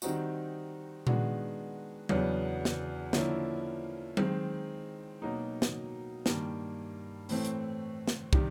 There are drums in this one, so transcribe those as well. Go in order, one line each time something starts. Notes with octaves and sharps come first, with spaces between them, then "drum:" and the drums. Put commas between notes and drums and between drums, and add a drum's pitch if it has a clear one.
D#3 G3 C4 D#4 F#4, drum: tambourine
D#3 G#3 B3 D4 F#4, drum: tom A#2
E2 C#3 F#3 B3 D4, drum: tom F#3
drum: snare
D3 F3 A#3 C#4 E4, drum: snare
D#3 G#3 C4, drum: tom F#3
B2 F#3 A#3 D#4
drum: snare
G2 D#3 G3 A#3, drum: snare
A2 E3 A3 C4, drum: open hi-hat
drum: hi-hat
drum: snare
C3 D#3 G3, drum: kick